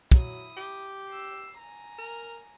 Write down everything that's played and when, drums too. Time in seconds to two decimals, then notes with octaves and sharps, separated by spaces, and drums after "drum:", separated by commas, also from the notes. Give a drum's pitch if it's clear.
0.12 F#3 E4 D#6, drum: kick
0.57 G4
1.10 E6 C7
1.58 G#5 A#5
1.98 A#4